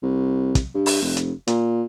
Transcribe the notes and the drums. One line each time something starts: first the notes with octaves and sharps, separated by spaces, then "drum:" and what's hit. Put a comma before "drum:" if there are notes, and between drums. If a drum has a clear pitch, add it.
C2
drum: kick, hi-hat
G2
drum: open hi-hat
F1
drum: hi-hat
A#2, drum: hi-hat